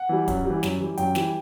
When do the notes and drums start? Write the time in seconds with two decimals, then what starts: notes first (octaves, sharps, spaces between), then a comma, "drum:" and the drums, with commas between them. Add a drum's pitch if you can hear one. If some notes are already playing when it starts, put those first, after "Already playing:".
Already playing: F#5
0.09 E3 G3
0.28 F#2, drum: kick, hi-hat
0.45 E3 G3
0.63 F#2, drum: snare
0.80 E3 G3
0.98 F#2 G5, drum: hi-hat
1.15 E3 G3, drum: snare